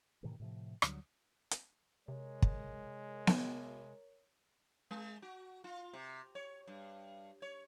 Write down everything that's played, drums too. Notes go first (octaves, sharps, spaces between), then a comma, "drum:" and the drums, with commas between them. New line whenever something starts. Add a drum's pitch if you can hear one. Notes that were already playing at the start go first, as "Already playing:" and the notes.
A2 C3 D#3 E3
A2 C3 F3
D2 D3 F#3 G3, drum: rim click
drum: hi-hat
C3 G#3 A#4 C#5
drum: kick
drum: snare B3
G#3
F#4
F4
C3
C#5
G2
C#5